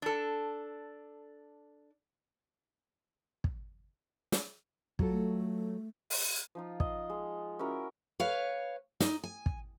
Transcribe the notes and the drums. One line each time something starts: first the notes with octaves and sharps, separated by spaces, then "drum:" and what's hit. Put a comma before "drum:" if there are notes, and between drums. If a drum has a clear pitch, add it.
D4 A4
drum: kick
drum: snare
F#3 F4 A4, drum: kick
A3
drum: open hi-hat
F3 D#4 F4
D#5, drum: kick
G#3
C#4 E4 F#4 A#4
B4 C#5 F5
D#4, drum: snare
G#5
drum: kick